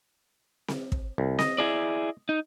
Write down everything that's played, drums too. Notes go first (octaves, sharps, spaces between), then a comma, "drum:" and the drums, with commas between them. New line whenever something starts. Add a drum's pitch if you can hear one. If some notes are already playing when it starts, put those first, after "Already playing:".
drum: snare C4
drum: kick
C2
D#5, drum: snare C4
E4 G#4 D5
D#4